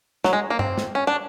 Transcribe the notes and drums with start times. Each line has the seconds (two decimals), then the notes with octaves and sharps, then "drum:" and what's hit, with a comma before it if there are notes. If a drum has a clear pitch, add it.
0.24 F#3, drum: snare
0.33 G#3
0.50 A#3
0.59 C4, drum: tom G2
0.78 drum: snare
0.95 C#4
1.07 D4